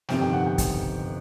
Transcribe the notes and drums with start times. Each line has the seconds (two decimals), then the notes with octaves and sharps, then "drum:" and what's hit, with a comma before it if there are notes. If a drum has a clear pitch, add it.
0.09 G1 F2 C3 D#3 G5, drum: snare
0.21 G5
0.33 F#5
0.46 G5
0.58 drum: kick, hi-hat